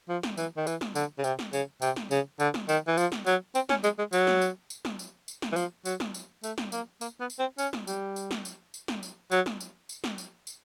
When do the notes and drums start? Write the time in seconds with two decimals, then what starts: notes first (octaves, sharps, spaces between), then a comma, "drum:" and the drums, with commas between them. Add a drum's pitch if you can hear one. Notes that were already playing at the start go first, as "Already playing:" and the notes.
0.09 F3
0.23 drum: snare
0.37 E3, drum: tambourine
0.57 D#3
0.67 E3, drum: tambourine
0.81 drum: snare
0.95 D3, drum: tambourine
1.18 C#3
1.24 C3, drum: tambourine
1.39 drum: snare
1.53 C#3, drum: tambourine
1.82 C3, drum: tambourine
1.96 drum: snare
2.11 C#3, drum: tambourine
2.40 D3, drum: tambourine
2.54 drum: snare
2.69 D#3, drum: tambourine
2.87 E3
2.97 F3, drum: tambourine
3.12 drum: snare
3.26 F#3, drum: tambourine
3.55 C4, drum: tambourine
3.69 C#4, drum: snare
3.84 G#3, drum: tambourine
3.98 G#3
4.13 F#3, drum: tambourine
4.27 drum: snare
4.41 drum: tambourine
4.70 drum: tambourine
4.85 drum: snare
4.99 drum: tambourine
5.28 drum: tambourine
5.42 drum: snare
5.52 E3
5.56 F3, drum: tambourine
5.85 F#3, drum: tambourine
6.00 drum: snare
6.14 drum: tambourine
6.44 A3, drum: tambourine
6.58 drum: snare
6.72 A#3, drum: tambourine
7.01 A#3, drum: tambourine
7.20 B3
7.30 drum: tambourine
7.39 C4
7.58 C#4, drum: tambourine
7.73 drum: snare
7.87 G3, drum: tambourine
8.16 drum: tambourine
8.31 drum: snare
8.45 drum: tambourine
8.74 drum: tambourine
8.88 drum: snare
9.03 drum: tambourine
9.32 F#3, drum: tambourine
9.46 drum: snare
9.60 drum: tambourine
9.89 drum: tambourine
10.04 drum: snare
10.18 drum: tambourine
10.47 drum: tambourine